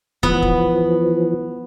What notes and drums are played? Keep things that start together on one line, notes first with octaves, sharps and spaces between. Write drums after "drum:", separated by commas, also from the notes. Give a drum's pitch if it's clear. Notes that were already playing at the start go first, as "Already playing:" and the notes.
E3 F3 B3, drum: kick
drum: kick